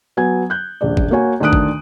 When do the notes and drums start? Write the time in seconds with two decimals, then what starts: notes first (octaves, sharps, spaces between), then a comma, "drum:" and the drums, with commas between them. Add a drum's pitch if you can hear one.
0.17 F#3 B3 G#5 G#6
0.50 F#6 G6
0.81 D#1 A#1 D5
0.97 drum: kick
1.11 A#3 F#4 C#5 G#5
1.40 D2 D#3 D4 D#6 F#6 D7
1.53 drum: kick